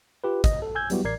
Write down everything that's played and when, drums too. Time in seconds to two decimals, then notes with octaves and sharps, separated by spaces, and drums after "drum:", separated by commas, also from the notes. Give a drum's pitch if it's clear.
0.24 F4 G4 B4
0.44 G1 D#5, drum: kick, hi-hat
0.62 A4
0.75 G#5 E6 G6 G#6
0.90 F#3 G3 B3 E4 F#4 G4, drum: hi-hat
1.04 A1 A#4 D5 G#6 C7